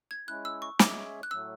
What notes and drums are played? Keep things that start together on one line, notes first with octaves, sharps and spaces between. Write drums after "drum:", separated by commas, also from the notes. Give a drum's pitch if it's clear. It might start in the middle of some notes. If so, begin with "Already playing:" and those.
G#6
G#3 C#4 E4 F#6
E6
C#6
G#3 C#4 G#4 C#5 E5 D6, drum: snare
F#6
A2 F#3 A3 E6